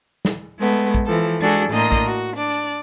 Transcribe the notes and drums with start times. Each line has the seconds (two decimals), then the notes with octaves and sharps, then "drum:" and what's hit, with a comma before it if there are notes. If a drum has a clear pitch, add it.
0.25 drum: snare
0.60 G#3 A3 B3
0.95 drum: kick
1.06 E3 F3 A4
1.41 G#3 D4 F#4 G#4 A4
1.72 A2 A#3 D4 D#5 A#5 C6
1.92 drum: kick
2.07 F#4
2.37 D4 D5